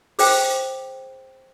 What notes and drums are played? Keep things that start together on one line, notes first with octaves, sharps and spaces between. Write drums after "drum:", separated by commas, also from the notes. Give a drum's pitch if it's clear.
G#4 C5 G5, drum: open hi-hat